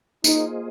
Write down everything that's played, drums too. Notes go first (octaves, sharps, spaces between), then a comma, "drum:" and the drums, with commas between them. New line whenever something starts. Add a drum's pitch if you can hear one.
A#3 D#4 F4 G#4 C5 D#5, drum: tambourine